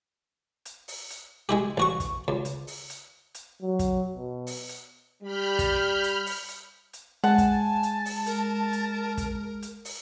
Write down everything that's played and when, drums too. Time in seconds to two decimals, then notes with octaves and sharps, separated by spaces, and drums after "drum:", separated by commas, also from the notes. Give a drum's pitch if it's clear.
0.65 drum: hi-hat
0.88 drum: open hi-hat
1.10 drum: hi-hat
1.49 G#3 E4 G4
1.77 A1 F#4 C#6
2.00 drum: kick, hi-hat
2.28 C#2
2.45 drum: hi-hat
2.67 drum: open hi-hat
2.90 drum: hi-hat
3.34 drum: hi-hat
3.62 F#3
3.79 drum: kick, hi-hat
4.15 B2
4.47 drum: open hi-hat
4.69 drum: hi-hat
5.23 G3 B5 F6 G6
5.59 drum: kick, hi-hat
6.04 drum: hi-hat
6.26 drum: open hi-hat
6.48 drum: hi-hat
6.93 drum: hi-hat
7.24 G#3 F#5 G#5 A5
7.38 drum: kick, hi-hat
7.83 drum: hi-hat
8.05 drum: open hi-hat
8.26 A#4, drum: hi-hat
8.73 drum: hi-hat
9.18 drum: kick, hi-hat
9.62 drum: hi-hat
9.85 drum: open hi-hat